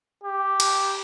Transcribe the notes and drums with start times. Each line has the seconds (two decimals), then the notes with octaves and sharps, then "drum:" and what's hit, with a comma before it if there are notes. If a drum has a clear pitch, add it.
0.24 G4
0.60 drum: cymbal